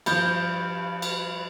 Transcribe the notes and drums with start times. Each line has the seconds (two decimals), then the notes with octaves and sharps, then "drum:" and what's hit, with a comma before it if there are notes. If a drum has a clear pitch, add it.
0.06 G2 F3 G6, drum: cymbal
1.02 drum: cymbal